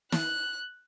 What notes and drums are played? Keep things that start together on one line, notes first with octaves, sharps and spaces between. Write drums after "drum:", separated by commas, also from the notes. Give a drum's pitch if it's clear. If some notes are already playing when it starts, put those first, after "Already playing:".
F#6, drum: snare